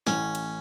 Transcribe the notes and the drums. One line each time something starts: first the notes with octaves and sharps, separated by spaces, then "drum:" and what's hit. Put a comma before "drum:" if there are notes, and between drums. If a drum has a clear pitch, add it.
A1 A2 C#4, drum: snare
drum: cymbal